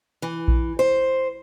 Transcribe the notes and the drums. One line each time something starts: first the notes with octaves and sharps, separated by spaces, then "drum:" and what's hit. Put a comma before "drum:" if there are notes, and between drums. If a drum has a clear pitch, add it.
E3
drum: kick A#1
C5